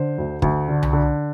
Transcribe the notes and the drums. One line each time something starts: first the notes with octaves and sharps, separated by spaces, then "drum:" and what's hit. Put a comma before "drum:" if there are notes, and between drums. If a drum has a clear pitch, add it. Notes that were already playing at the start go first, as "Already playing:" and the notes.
Already playing: D3 C5
D2
D2, drum: kick
D3
drum: tom C2
D3